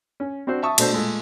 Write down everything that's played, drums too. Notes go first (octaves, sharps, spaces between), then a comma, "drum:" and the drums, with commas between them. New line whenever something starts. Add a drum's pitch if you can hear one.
C#4
C4 D4 F#4 C5
E5 A5 C#6 D#6
B2 A3 D4 C5, drum: cymbal
A#2 G#3 A3